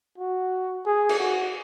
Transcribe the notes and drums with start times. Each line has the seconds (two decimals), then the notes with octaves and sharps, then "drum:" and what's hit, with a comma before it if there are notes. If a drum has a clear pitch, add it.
0.18 F#4
0.86 G#4
1.09 drum: cymbal
1.19 F#4